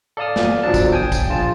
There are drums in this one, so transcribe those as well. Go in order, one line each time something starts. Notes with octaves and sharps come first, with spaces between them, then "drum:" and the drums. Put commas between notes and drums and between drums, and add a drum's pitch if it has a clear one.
A4 D5 F5 A5 D#6 F6
drum: snare
G1 F3 F#3 D4 A5
drum: kick, tambourine
G5 G#5 D#6
drum: kick, tambourine
A#1 F4 A5